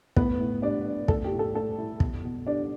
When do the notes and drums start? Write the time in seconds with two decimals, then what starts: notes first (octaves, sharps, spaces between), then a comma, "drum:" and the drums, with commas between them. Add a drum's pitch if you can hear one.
0.16 A2 B3 B4, drum: kick
0.40 A2
0.62 G3 D4 D5
0.86 D4
1.08 A2 A4, drum: kick
1.24 G4
1.32 A2
1.39 A4
1.55 A3 A4
1.78 E4
2.00 B2, drum: kick
2.24 B2
2.47 G3 D4 D5